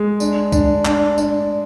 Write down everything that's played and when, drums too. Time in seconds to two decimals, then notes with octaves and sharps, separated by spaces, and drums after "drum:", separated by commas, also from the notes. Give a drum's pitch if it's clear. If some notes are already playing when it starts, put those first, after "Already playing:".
Already playing: G#3
0.20 D4, drum: tambourine
0.52 D4, drum: kick C2, tambourine
0.85 D4, drum: clap
1.18 D4, drum: tambourine